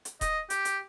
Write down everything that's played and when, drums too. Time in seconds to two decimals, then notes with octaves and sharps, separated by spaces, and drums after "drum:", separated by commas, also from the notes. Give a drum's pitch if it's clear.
0.05 drum: hi-hat
0.21 D#5, drum: kick D#1, hi-hat
0.50 G4, drum: hi-hat
0.65 drum: hi-hat